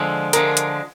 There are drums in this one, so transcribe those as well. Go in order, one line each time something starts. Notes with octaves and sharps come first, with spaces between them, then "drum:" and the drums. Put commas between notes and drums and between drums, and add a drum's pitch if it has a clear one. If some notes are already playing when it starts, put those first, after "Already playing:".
Already playing: D3 F3 G#3
D3 F3 G#3 A#4, drum: hi-hat
drum: hi-hat